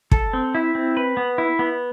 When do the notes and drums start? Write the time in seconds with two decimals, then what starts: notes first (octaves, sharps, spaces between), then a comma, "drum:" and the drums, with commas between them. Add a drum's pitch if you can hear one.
0.12 A4, drum: kick
0.33 C4
0.55 E4
0.75 C4
0.97 B4
1.17 B3
1.38 E4
1.59 B3